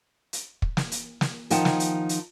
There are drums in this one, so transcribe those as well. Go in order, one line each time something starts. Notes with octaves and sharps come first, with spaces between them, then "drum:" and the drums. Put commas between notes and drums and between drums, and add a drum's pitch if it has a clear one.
drum: hi-hat
drum: kick
drum: snare
drum: hi-hat
drum: snare
D#3 F3 D#4 F#5 G5 A5, drum: hi-hat
drum: snare
drum: hi-hat
drum: hi-hat